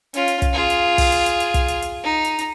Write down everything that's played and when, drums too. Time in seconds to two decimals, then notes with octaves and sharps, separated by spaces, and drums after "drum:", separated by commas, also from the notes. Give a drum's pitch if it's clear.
0.14 C#4 F4, drum: hi-hat
0.28 drum: hi-hat
0.42 drum: kick, hi-hat
0.53 F4 G#4
0.70 drum: hi-hat
0.98 drum: kick, open hi-hat
1.12 drum: hi-hat
1.26 drum: hi-hat
1.40 drum: hi-hat
1.54 drum: kick, hi-hat
1.68 drum: hi-hat
1.82 drum: hi-hat
2.04 D#4
2.25 drum: hi-hat
2.39 drum: hi-hat